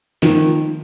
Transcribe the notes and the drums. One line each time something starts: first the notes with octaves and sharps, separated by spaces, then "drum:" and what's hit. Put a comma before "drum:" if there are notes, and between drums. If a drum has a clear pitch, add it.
D#3 F3, drum: snare